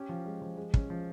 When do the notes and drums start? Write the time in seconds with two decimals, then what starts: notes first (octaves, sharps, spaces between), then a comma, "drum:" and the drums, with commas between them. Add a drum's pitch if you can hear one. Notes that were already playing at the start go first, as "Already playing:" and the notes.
Already playing: C#4 G4 G5
0.09 F3
0.26 G#3
0.42 F3
0.57 G#3
0.74 C#4, drum: kick
0.90 F3